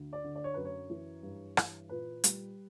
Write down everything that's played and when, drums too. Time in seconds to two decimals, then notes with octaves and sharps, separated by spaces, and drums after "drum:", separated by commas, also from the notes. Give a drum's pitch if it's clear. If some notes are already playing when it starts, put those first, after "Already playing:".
Already playing: D2
0.13 D5
0.24 D3
0.35 D5
0.44 C#5
0.54 F#2 B4
0.65 C#5
0.90 E3
1.23 G2
1.57 E3, drum: rim click
1.89 A#2 B4
2.24 G3, drum: hi-hat